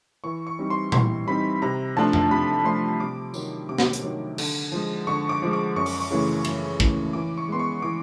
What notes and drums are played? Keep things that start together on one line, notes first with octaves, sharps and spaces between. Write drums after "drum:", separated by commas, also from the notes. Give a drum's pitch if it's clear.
E3 C#6
C#6
G3 C4 D#4
C6
E3 C6, drum: tom A#2
G3 C4 D#4 B5
C3 A#5
F3 A3 D4 F4 A5
drum: tom F2
C3 B5
F3 A3 D4 F4 C6
C3 D6
D#3 F#3, drum: tambourine
C3 D6
drum: snare
drum: hi-hat
D#3 F#3
D3, drum: cymbal
F3 G#3
D3 C#6
D6
F3 G#3
D6
F#2 C#6
D6, drum: open hi-hat
C#6
C#3 E3 A3
F#2, drum: cymbal
C#3 E3 A3, drum: kick
E3 D6
C#6
G#3 B3 C6
C#6
E3 D6